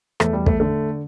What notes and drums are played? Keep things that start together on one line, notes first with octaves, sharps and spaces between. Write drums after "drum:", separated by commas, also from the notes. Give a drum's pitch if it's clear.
E2 A3, drum: rim click
G3
A3, drum: kick
D3 A3